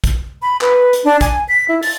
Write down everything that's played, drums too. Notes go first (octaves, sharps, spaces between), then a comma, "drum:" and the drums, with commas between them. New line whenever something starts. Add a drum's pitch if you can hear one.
drum: kick, hi-hat
B5
B4, drum: clap
drum: hi-hat
D4
G#5, drum: kick, hi-hat
B6
E4
A6, drum: open hi-hat